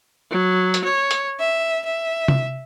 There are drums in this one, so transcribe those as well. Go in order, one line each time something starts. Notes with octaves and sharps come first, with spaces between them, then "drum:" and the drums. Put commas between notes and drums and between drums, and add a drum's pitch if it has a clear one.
F#3
drum: hi-hat
C#5
drum: hi-hat
E5
E5
drum: tom C3